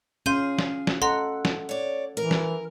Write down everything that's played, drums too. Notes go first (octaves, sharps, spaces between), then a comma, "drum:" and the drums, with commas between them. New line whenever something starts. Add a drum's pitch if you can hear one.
C#4 G#4 F5 C6 G6 D#7
drum: snare
drum: snare
A4 D#5 F#5 A#5 C6
drum: snare
C#5 D5
E3 A#4
drum: snare